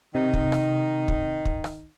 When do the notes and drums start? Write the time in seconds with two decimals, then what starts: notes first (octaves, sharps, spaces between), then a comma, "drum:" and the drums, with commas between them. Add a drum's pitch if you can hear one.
0.15 C3 D#3 D#4
0.33 drum: kick
0.52 drum: rim click
1.08 drum: kick
1.45 drum: kick
1.64 drum: rim click